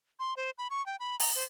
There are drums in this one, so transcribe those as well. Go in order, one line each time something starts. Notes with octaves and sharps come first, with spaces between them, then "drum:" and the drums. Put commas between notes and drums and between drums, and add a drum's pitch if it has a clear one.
C6
C5
B5
C#6
G5
B5
A#5, drum: open hi-hat
C5